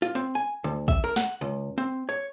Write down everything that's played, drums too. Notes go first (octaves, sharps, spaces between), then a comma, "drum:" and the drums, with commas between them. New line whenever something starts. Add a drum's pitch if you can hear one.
F4
C4
G#5
D2
E5, drum: kick
A#4
F#5, drum: snare
C#2
C4
C#5